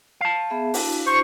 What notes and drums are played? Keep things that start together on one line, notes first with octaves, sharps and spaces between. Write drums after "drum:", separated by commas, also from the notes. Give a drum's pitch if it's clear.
F5 A5
B3 G#4 E5
D4 E4 F#4, drum: open hi-hat
C5 C#6